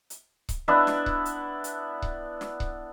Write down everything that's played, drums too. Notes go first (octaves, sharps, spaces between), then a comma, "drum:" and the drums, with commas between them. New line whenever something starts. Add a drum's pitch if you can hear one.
drum: hi-hat
drum: kick C#1, hi-hat
B3 D4 E4 E5
drum: snare
drum: kick C#1
drum: hi-hat
drum: hi-hat
drum: kick C#1
drum: snare
drum: kick C#1